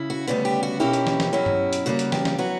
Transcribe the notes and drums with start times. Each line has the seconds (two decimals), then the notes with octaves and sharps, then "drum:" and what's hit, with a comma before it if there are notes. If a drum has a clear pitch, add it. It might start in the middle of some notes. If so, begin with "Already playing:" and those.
Already playing: C#3 E4
0.10 F#4
0.27 D2 C#3 G3 B3 G4
0.45 G4
0.63 F#4
0.80 B2 A#3 C#4 E4 G4
0.93 drum: hi-hat
1.07 drum: snare
1.20 drum: snare
1.33 B2 F#3 C#4 E4
1.46 drum: tom G2
1.73 drum: hi-hat
1.86 C#3 G3 A#3 F#4
1.99 drum: hi-hat
2.12 G4, drum: snare
2.25 drum: snare
2.38 F#3 B3 E4 F#4